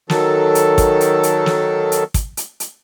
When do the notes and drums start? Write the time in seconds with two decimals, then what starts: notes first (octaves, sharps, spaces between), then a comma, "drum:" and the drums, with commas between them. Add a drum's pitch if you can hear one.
0.10 D#3 F#3 A4, drum: snare
0.55 drum: hi-hat
0.78 drum: kick, hi-hat
1.01 drum: hi-hat
1.23 drum: hi-hat
1.46 drum: snare
1.92 drum: hi-hat
2.14 drum: kick, hi-hat
2.37 drum: hi-hat
2.60 drum: hi-hat